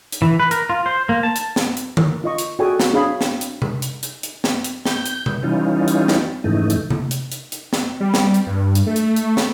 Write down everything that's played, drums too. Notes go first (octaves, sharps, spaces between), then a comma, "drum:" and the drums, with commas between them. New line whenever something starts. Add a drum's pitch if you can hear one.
drum: hi-hat
E3
B4
A#4, drum: hi-hat
F4
C5
A#3
A5
drum: hi-hat
drum: snare
drum: hi-hat
A#4, drum: tom D3
F4 D#5 C#6
drum: hi-hat
F#4 G#4 A4 D5 G5 G#5
drum: snare
D4 G#4 C#5 F5 B5
drum: snare
drum: hi-hat
drum: tom C3
drum: hi-hat
drum: hi-hat
drum: hi-hat
drum: snare
drum: hi-hat
G6, drum: snare
drum: hi-hat
drum: tom C3
E3 G3 C#4 D#4 F4
drum: hi-hat
drum: snare
F2 G#2 C#3 E3 A3 D#4
drum: hi-hat
drum: tom C3
drum: hi-hat
drum: hi-hat
drum: hi-hat
drum: snare
G3
drum: snare
drum: hi-hat
G2
drum: hi-hat
A3
drum: hi-hat
drum: hi-hat
drum: snare